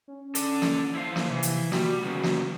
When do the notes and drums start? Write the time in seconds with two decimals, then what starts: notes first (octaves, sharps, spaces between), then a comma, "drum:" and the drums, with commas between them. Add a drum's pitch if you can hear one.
0.08 C#4
0.35 A4 D5, drum: hi-hat
0.62 drum: snare
0.95 E4 C5 F5
1.16 drum: snare
1.30 C3 E3
1.43 drum: hi-hat
1.72 G3 F#4, drum: snare
2.04 C#3 F#3 B3
2.23 drum: snare